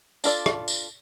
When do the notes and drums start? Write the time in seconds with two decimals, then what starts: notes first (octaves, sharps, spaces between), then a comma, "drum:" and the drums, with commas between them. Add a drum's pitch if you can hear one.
0.24 D4 F4 A4 D5, drum: tambourine
0.46 drum: rim click
0.68 drum: tambourine